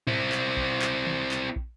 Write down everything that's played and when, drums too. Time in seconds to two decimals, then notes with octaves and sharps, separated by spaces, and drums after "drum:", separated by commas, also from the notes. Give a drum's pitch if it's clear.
0.07 C4 E4, drum: tom G#2
0.32 drum: clap
0.57 drum: kick
0.82 drum: clap
1.06 drum: tom D#3
1.31 drum: clap
1.56 drum: kick